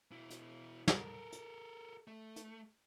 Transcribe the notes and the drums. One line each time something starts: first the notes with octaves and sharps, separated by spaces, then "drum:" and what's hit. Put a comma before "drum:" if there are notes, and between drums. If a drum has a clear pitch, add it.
B2 E4
drum: hi-hat
A4 A#4, drum: snare
drum: hi-hat
A3
drum: hi-hat